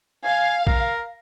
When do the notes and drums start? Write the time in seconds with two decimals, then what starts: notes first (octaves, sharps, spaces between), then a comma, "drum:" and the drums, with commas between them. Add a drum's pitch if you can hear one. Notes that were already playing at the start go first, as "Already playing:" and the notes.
0.24 F5 G#5
0.67 A#4, drum: kick A#1